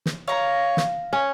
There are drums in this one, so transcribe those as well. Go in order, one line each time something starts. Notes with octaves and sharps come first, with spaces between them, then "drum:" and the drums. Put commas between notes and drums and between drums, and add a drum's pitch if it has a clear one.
drum: snare
C#5 F5 A#5
drum: snare
C#4 C#5